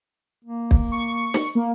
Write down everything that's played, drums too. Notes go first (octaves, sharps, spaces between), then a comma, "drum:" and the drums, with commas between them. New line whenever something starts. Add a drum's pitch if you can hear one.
A#3
drum: kick
C#6
drum: snare
A#3